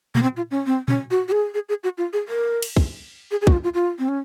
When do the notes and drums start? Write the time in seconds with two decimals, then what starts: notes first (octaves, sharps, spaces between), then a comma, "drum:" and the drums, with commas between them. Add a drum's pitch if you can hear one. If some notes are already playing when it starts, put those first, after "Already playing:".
0.15 A#3, drum: tom A#2
0.23 C4
0.37 F4
0.51 C#4
0.66 C4
0.88 C#4, drum: tom A#2
1.11 F#4
1.28 F#4
1.32 G#4
1.54 G#4
1.69 G#4
1.84 F#4
1.98 F4
2.13 G#4
2.28 A#4
2.63 drum: cymbal
2.77 drum: kick
3.31 G#4
3.41 G#4
3.47 F#4, drum: kick
3.52 F4
3.64 F4
3.74 F4
3.99 C4
4.08 C#4